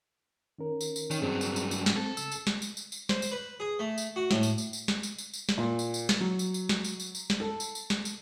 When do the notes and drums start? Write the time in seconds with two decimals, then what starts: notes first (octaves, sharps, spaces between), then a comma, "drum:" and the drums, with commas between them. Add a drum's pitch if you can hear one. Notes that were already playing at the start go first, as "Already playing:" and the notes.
0.58 D#3 C#4 A#4
0.81 drum: tambourine
0.96 drum: tambourine
1.11 D#3 C#4, drum: tambourine
1.22 G2 F#3 C4 G#4
1.41 drum: tambourine
1.56 drum: tambourine
1.71 drum: tambourine
1.86 drum: snare
1.96 C4 A4
2.17 C#3 E6, drum: tambourine
2.32 drum: tambourine
2.47 drum: snare
2.62 drum: tambourine
2.77 drum: tambourine
2.92 drum: tambourine
3.09 C5, drum: snare
3.22 drum: tambourine
3.32 B4
3.60 G#4
3.79 A3
3.98 drum: tambourine
4.16 F#4
4.31 A2, drum: snare
4.43 drum: tambourine
4.58 drum: tambourine
4.73 drum: tambourine
4.88 drum: snare
5.03 drum: tambourine
5.18 drum: tambourine
5.34 drum: tambourine
5.49 drum: snare
5.58 A#2
5.79 drum: tambourine
5.94 drum: tambourine
6.09 drum: snare
6.21 F#3
6.39 drum: tambourine
6.54 drum: tambourine
6.69 drum: snare
6.84 drum: tambourine
7.00 drum: tambourine
7.15 drum: tambourine
7.30 drum: snare
7.40 A4
7.60 drum: tambourine
7.75 drum: tambourine
7.90 drum: snare
8.05 drum: tambourine